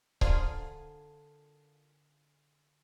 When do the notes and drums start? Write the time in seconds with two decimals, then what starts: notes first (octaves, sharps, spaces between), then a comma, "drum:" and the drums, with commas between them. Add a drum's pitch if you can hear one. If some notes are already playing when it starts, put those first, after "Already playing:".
0.21 D3 D4 F4 G#4 A#4 C5 F5 C6, drum: kick C#1